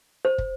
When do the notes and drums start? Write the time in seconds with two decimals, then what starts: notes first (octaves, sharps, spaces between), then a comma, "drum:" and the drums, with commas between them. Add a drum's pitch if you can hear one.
0.25 C5
0.38 drum: kick